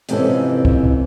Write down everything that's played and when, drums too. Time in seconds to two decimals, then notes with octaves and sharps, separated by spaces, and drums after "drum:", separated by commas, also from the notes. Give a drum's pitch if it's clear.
0.09 F2 G#2 C3 E3 C#4 A4, drum: hi-hat
0.65 drum: kick